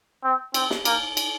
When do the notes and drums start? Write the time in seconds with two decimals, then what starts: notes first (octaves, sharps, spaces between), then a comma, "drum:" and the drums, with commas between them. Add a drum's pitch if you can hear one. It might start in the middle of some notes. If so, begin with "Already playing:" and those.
0.24 C4
0.54 C4, drum: cymbal
0.70 drum: snare
0.85 A#3, drum: cymbal
1.17 drum: cymbal